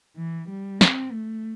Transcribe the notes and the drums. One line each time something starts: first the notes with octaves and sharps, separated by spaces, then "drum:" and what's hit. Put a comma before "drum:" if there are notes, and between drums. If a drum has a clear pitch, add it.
E3
G3
C4, drum: snare
A3